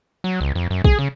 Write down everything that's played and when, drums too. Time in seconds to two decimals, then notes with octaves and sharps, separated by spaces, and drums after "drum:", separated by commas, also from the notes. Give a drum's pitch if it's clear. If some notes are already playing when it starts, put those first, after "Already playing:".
0.24 F#3
0.41 C#2
0.55 F2
0.71 F#2
0.84 G#4, drum: kick
0.99 C#3